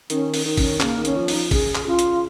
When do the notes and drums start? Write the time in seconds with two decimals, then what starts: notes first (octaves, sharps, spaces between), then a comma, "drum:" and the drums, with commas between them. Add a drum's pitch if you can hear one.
0.10 D#3 C#4, drum: hi-hat
0.34 drum: open hi-hat
0.45 D#3
0.57 C#4, drum: kick, open hi-hat
0.80 C#3 A#3, drum: clap
0.98 D#3
1.05 C#4, drum: hi-hat
1.16 F3
1.28 D#4, drum: open hi-hat
1.34 F3
1.51 C#3 G#4, drum: kick, open hi-hat
1.75 drum: clap
1.87 C#3 F4
1.99 drum: hi-hat